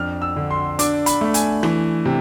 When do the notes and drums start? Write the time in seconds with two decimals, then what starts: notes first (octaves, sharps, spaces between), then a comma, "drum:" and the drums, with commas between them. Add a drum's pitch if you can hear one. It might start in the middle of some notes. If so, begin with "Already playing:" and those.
Already playing: F2 D4 F6
0.22 E6
0.36 D3
0.50 C6
0.79 D4 D6, drum: hi-hat
1.06 B5, drum: hi-hat
1.21 A3
1.34 G#5, drum: hi-hat
1.63 E3, drum: rim click
2.05 C3